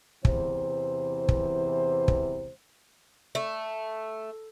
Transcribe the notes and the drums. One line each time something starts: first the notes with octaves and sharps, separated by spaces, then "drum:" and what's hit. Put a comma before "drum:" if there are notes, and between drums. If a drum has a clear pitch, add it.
E2 C3 E3 C5, drum: kick
drum: kick
drum: kick
A3